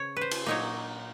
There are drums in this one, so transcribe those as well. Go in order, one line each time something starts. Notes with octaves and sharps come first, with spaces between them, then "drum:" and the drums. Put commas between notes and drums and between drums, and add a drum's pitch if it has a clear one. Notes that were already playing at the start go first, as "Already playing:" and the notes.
Already playing: C#3 C#5
B4 C5
drum: cymbal
A#2 F#3 A#3 D#4 C#5